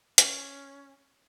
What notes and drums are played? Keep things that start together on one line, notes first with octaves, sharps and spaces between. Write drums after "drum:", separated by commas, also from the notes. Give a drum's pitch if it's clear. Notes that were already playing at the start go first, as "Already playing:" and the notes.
C#4, drum: hi-hat